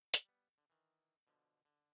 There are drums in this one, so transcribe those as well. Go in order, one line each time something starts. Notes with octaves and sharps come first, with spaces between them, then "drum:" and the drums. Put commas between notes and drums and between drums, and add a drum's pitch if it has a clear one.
drum: hi-hat
G3 B3
D3
D#3 E3
B2 D3 F3
D3